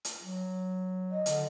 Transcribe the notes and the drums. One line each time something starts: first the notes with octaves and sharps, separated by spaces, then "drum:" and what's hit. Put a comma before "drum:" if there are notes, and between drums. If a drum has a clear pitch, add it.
drum: hi-hat
F#3
D#5
D3, drum: hi-hat